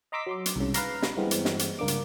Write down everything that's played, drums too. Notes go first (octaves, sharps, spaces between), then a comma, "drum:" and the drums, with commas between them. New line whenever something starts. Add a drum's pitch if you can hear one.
D#5 A#5 C6 D6 E6 B6
F#3 C6 D6
drum: hi-hat
C2 G#2 C#3
B4 F5 A#5, drum: hi-hat
drum: snare
G2 E3 G#3 B3 C4
drum: hi-hat
drum: snare
drum: hi-hat
C#2 G2 A#3 D4 D6
drum: hi-hat